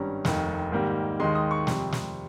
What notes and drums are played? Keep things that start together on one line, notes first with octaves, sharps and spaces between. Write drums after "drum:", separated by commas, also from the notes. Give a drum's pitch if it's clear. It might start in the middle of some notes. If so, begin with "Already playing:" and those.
Already playing: G#1 G2 G3 C#4 A#5
F1 D#2 D#3, drum: snare
G#2 D#3 G3 A#3
D#2 D#3 G#3 C6
D#6
C#6
F2 C3 G3 C4, drum: snare
drum: snare